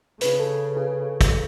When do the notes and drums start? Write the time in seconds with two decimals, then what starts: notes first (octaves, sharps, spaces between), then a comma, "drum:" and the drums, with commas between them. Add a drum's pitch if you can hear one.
0.21 C#3 B4, drum: hi-hat
0.40 A4
0.77 G#4
1.21 drum: kick, hi-hat